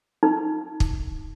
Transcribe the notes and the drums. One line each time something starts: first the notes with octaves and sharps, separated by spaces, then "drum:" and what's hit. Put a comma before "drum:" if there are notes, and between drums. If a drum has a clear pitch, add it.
D#4
drum: kick